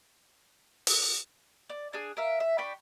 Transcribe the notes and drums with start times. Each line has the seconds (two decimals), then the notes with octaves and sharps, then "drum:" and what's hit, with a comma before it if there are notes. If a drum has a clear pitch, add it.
0.87 drum: open hi-hat
1.70 D5
1.93 D4 G#4
2.17 A#4 E5 F5
2.40 E5
2.58 D4 G5 B5 C#6